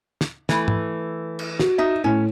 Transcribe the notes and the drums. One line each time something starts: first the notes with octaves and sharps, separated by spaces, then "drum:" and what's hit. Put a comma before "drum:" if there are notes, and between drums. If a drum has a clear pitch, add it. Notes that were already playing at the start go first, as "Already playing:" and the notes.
drum: snare
E3 A3, drum: snare
drum: tom G#2
drum: cymbal
F#4, drum: snare
D#4 E5
A2 C#4